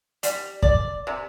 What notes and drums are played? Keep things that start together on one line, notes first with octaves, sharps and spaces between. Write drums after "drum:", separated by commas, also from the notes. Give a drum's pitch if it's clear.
G3, drum: hi-hat
D5, drum: kick
C3